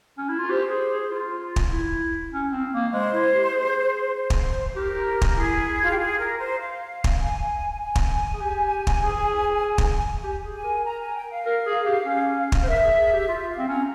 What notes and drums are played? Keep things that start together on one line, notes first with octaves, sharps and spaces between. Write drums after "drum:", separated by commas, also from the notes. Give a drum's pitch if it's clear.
C#4
E4
F4
G4 C5
G#4
G#4
F4
drum: kick
E4
C#4
C4
A#3
G#3 C5
E4
G4
G#4
C5
drum: kick
G4 A#4
drum: kick
E4 G#4
F4
G4
G#4
A#4
C5
F5
drum: kick
G#5
G#5
drum: kick
G#4
G4
drum: kick
G#4
drum: kick
G4
G#4
G#5
A#4
A#5
G#5
G5
F5
A#4
G#4
G4
C#4
drum: kick
C5
A#4 E5
G#4
G#4
G4
F4 E5
F5
C4
C#4 A#5